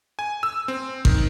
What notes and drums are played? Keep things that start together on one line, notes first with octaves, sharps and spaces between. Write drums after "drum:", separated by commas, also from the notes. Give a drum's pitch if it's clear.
G#5
E6
C4
D#3, drum: kick G#1